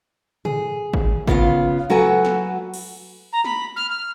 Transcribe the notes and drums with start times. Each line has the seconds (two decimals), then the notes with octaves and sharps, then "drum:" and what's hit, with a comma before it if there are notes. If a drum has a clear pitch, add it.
0.45 G#4, drum: tom
0.94 drum: kick
1.27 C#3 B3 F4 F5, drum: kick
1.90 F#3 F#4 A4 B4 F#5 G#5
2.25 drum: snare
2.74 drum: cymbal
3.32 A#5
3.44 B5, drum: snare
3.76 F6
3.89 F6